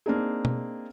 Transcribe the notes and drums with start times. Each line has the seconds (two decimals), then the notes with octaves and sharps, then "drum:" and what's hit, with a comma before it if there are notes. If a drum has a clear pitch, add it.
0.06 A#3 C4 D4 D#4 G#4
0.45 drum: tom B2